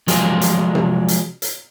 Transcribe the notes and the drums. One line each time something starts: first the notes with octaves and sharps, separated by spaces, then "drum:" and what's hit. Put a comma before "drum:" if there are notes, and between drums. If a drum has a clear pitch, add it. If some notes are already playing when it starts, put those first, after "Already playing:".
F3 F#3 G#3 F4 G4 G#4, drum: hi-hat
drum: hi-hat
drum: tom C3
drum: hi-hat
drum: hi-hat